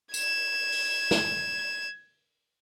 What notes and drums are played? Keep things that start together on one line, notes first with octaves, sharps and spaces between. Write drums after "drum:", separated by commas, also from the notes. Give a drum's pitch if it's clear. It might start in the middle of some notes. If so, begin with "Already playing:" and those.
G#6 E7, drum: tambourine
drum: open hi-hat
drum: snare